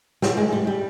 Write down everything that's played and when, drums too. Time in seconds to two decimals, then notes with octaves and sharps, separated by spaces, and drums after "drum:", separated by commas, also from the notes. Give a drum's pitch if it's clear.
0.22 G3, drum: snare
0.37 G#3
0.53 G3
0.67 G3